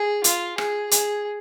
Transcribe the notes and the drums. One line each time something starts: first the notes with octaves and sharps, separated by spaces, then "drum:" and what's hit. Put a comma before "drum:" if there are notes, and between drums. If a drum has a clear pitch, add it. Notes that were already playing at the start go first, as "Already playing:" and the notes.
Already playing: G#4
F4, drum: hi-hat
G#4, drum: rim click
G#4, drum: hi-hat